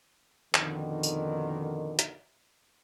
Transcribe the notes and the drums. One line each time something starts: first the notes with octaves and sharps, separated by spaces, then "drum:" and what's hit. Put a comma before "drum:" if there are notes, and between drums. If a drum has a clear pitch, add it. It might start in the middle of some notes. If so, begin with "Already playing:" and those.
F2 B2 D3 D#3, drum: clap
drum: tambourine
drum: hi-hat